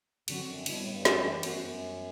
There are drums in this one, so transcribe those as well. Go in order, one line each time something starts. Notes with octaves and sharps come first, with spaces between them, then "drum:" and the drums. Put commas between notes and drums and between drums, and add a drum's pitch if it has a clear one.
D3 F#3 C4 F#4, drum: cymbal
F#2
B2 D3 G3 B3 E4, drum: cymbal
A2
G2
F#2 E3 A3 D4 G4, drum: snare
F#2 G3 B3 F#4 C5, drum: cymbal
F#2